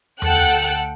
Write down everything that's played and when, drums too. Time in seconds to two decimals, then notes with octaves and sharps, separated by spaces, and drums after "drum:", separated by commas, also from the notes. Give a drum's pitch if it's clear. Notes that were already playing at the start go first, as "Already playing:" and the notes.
0.22 D2 A4 F#5 G5 F#6, drum: tom E2
0.62 drum: hi-hat